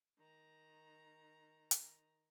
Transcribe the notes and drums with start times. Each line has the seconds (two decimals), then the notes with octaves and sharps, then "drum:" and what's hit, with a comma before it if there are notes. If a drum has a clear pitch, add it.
0.19 D#3 A#5
1.71 drum: hi-hat